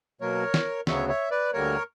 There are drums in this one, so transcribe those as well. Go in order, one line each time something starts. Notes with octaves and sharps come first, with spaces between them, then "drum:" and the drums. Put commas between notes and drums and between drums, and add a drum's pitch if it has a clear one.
B2 F#3 A#3 A#4 C#5
drum: snare
D2 C#3 F#3 B3 C#5 E5, drum: snare
C#5 E5
B4 D5
D2 D3 G3 A#3 A#4 C#5